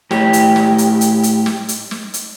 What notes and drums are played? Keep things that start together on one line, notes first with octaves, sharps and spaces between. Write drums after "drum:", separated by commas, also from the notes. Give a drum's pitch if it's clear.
A2 G4, drum: snare
drum: hi-hat
drum: snare
drum: hi-hat
drum: hi-hat
drum: hi-hat
drum: snare
drum: hi-hat
drum: snare
drum: hi-hat